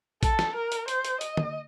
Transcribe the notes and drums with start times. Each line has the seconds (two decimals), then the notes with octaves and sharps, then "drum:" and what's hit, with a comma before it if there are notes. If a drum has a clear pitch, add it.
0.23 A4, drum: kick, hi-hat
0.39 drum: snare
0.56 A#4
0.72 drum: hi-hat
0.88 C5, drum: hi-hat
1.05 drum: hi-hat
1.21 D#5, drum: hi-hat
1.37 drum: tom D3